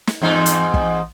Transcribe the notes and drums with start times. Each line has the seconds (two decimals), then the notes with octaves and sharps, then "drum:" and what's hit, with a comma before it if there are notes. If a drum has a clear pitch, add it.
0.07 drum: snare
0.22 E2 G#2 D#4
0.46 drum: hi-hat
0.74 drum: kick